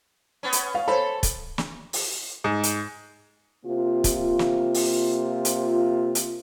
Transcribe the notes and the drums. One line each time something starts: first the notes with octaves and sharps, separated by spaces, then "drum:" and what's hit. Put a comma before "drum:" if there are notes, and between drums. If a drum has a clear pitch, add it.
B3 C#4
drum: hi-hat
F5
A4 C5 C#5 B5
drum: kick, hi-hat
drum: snare
drum: open hi-hat
G#2
drum: hi-hat
C3 A#3 F4
drum: kick, hi-hat
drum: snare
drum: open hi-hat
drum: hi-hat
drum: hi-hat